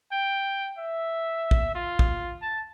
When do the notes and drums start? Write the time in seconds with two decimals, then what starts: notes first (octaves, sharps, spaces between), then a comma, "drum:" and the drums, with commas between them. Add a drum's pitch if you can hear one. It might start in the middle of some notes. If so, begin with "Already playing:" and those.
0.12 G5
0.78 E5
1.51 drum: kick A#1
1.75 F4
1.99 drum: kick A#1
2.42 A5